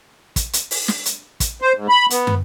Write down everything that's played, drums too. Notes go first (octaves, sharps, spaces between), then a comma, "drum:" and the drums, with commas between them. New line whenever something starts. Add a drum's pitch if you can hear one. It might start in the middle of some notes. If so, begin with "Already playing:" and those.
drum: kick, hi-hat
drum: hi-hat
drum: open hi-hat
drum: snare
drum: hi-hat
drum: kick, hi-hat
C5
G#2
B5
B3, drum: hi-hat
drum: tom